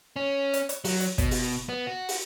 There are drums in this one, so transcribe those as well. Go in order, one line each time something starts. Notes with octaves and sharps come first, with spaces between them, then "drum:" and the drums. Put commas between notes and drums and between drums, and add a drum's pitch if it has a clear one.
C#4
drum: hi-hat
drum: hi-hat
F#3, drum: open hi-hat
drum: hi-hat
B2, drum: kick, hi-hat
drum: open hi-hat
B3
F#4
drum: open hi-hat